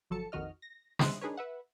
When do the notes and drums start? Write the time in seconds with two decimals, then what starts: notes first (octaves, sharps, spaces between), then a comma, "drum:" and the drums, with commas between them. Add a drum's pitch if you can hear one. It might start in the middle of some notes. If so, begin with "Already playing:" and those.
0.10 G1 F3 F#3 A4 A5 C#7
0.32 A#1 F2 D#3 F#4 D#5 F6
0.62 A#6
0.99 D#5 E5 C6 D#6 F#6, drum: snare
1.21 D4 D#4 G#4 A#4 B4 C#5
1.37 B4 E5 F#5